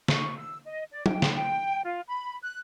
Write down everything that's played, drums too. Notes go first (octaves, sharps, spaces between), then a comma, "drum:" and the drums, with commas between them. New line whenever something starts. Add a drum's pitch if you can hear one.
C#6, drum: snare
E6
D#5
D5
G5, drum: tom F#3
drum: snare
G5
F4
B5
F#6